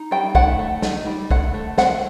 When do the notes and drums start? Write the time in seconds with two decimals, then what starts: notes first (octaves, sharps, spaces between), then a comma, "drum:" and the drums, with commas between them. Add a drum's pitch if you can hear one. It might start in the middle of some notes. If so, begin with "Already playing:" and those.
Already playing: D#4
0.11 G3 G5
0.35 A3 F#5, drum: kick
0.59 A3
0.82 D#4, drum: snare
1.06 G3
1.31 A3 F#5, drum: kick
1.54 A3
1.78 C4 F#5, drum: snare